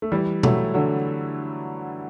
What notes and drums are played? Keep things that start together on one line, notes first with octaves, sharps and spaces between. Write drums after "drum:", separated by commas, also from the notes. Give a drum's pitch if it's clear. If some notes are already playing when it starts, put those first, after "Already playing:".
A3
E3 G3
F#3 A3, drum: tom B2
D3 F#3